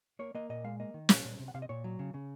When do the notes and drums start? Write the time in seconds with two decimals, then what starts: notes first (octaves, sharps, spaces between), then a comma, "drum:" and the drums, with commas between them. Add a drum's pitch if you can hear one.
0.19 A#3 C#5
0.35 A#3 D#5
0.49 A#2 D#5
0.64 G#3 F5
0.80 A#3 D#5
0.94 D#3
1.09 A#2, drum: snare
1.25 A#2
1.39 C3
1.48 F#5
1.54 C3 F5
1.62 D#5
1.69 A#2 C#5
1.84 F#3
1.99 C#3
2.14 C#3